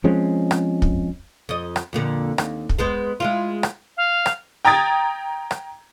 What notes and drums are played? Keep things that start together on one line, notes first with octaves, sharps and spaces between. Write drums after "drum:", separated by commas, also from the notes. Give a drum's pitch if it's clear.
F3 G#3 C4 C#4
drum: rim click
drum: kick
F2 D#5
drum: rim click
F2 A#2 D3
D#2, drum: rim click
drum: kick
G#3 B3 C5
G#3 E4 F4
drum: rim click
F5
drum: rim click
G5 A#5 D#6 G#6 A6
drum: rim click